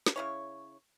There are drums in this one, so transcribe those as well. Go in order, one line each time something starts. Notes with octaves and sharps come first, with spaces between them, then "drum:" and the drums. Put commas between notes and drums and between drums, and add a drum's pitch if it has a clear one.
drum: snare
C#3 E4 C#5